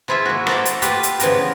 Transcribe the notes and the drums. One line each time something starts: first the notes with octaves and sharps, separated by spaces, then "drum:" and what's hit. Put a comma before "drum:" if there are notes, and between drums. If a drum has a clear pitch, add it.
F3 E4 F4 G#4 E5
A#3 F#4
A#3 A4 C5 D5 A#5, drum: rim click
drum: hi-hat
A3 F4 G4 B4 F5, drum: hi-hat
drum: hi-hat
C#3 E3 F3 B3 A#4, drum: hi-hat